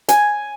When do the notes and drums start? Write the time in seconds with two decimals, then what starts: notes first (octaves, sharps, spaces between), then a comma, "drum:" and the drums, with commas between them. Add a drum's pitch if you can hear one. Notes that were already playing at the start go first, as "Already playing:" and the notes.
0.09 G#5, drum: hi-hat